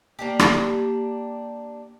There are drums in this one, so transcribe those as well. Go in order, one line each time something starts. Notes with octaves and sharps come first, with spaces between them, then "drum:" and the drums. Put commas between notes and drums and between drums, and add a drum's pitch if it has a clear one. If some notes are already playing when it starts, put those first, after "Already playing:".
A#3 D4 G4
drum: rim click